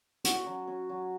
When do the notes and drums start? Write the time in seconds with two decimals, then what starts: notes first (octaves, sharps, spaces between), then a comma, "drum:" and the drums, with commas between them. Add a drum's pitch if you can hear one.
0.24 C#4 F#4, drum: hi-hat
0.46 F#3
0.67 C#4
0.89 F#3